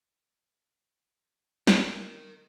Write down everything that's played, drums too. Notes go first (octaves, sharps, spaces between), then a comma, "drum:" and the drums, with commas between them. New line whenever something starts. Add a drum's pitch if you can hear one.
A#4 D#5, drum: snare